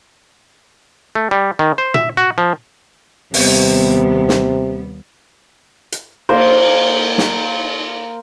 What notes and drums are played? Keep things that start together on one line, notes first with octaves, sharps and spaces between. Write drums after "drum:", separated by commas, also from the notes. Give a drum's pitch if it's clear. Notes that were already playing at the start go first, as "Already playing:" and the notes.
A3
G3
D#3
C5
E5, drum: tom A#2
F#4
F3
D#2 C3 G3 B3, drum: open hi-hat
drum: snare
drum: hi-hat
A#3 A#4 C5, drum: cymbal
drum: snare